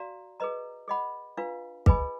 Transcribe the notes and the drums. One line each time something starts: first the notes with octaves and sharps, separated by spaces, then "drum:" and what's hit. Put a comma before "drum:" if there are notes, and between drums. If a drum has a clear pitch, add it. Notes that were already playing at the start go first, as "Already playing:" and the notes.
Already playing: F#4 D5 F5 A#5
G#4 B4 D#5 A#5
G#4 D#5 F#5 B5
D4 F4 B4 F5
G#4 B4 D#5 G#5 B5, drum: kick